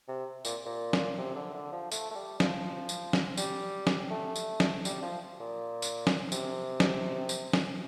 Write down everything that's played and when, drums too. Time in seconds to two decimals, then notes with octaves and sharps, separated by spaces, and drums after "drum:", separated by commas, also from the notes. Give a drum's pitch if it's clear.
0.08 C3
0.45 A#2, drum: tambourine
0.66 A#2
0.93 drum: snare
1.18 C3
1.35 D3
1.54 D3
1.72 F3
1.92 A3, drum: tambourine
2.11 A3
2.15 G3
2.40 F3, drum: snare
2.89 drum: tambourine
3.13 drum: snare
3.37 G3, drum: tambourine
3.87 drum: snare
4.11 A3
4.36 drum: tambourine
4.60 drum: snare
4.85 G3, drum: tambourine
5.02 F3
5.40 A#2
5.82 drum: tambourine
6.07 drum: snare
6.32 C3, drum: tambourine
6.80 drum: snare
7.29 drum: tambourine
7.53 drum: snare